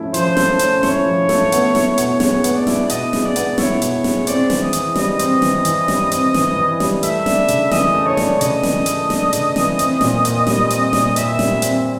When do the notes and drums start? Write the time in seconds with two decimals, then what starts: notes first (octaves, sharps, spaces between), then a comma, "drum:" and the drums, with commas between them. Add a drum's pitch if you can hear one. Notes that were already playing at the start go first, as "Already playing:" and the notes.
Already playing: F3 A3 C#4 E4
0.14 F3 C5, drum: hi-hat
0.37 A3, drum: snare
0.59 C#4, drum: hi-hat
0.83 E4 C#5, drum: snare
1.06 F3
1.29 A3, drum: snare
1.52 B3, drum: hi-hat
1.75 E4, drum: snare
1.98 B2, drum: hi-hat
2.20 G#3 C#5, drum: snare
2.44 B3, drum: hi-hat
2.55 D5
2.67 E4, drum: snare
2.90 B2 D#5, drum: hi-hat
3.13 G#3, drum: snare
3.24 D5
3.36 B3, drum: hi-hat
3.58 E4 C#5, drum: snare
3.82 B2, drum: hi-hat
4.04 G#3, drum: snare
4.27 C4 D5, drum: hi-hat
4.50 E3, drum: snare
4.62 D#5
4.73 E3, drum: hi-hat
4.96 G3 D#5, drum: snare
5.19 C4, drum: hi-hat
5.42 E3, drum: snare
5.65 E3, drum: hi-hat
5.88 G3, drum: snare
6.12 C4, drum: hi-hat
6.34 E3, drum: snare
6.56 E3
6.80 G3, drum: snare
7.03 A3 E5, drum: hi-hat
7.26 D4, drum: snare
7.48 C#3, drum: hi-hat
7.71 E3 D#5, drum: snare
7.95 A3
8.06 C#5
8.17 D4, drum: snare
8.41 C#3 D#5, drum: hi-hat
8.63 E3, drum: snare
8.86 A3, drum: hi-hat
9.10 D4, drum: snare
9.33 C#3, drum: hi-hat
9.56 E3, drum: snare
9.79 C4, drum: hi-hat
10.01 A#2, drum: snare
10.25 A#2, drum: hi-hat
10.47 G3, drum: snare
10.70 C4, drum: hi-hat
10.93 A#2, drum: snare
11.16 A#2 E5, drum: hi-hat
11.39 G3, drum: snare
11.62 C4, drum: hi-hat